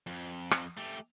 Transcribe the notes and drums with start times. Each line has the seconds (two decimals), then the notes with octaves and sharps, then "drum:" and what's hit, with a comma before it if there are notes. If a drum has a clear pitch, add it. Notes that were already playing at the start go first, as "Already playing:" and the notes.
0.07 F2
0.51 drum: rim click
0.77 A3 G4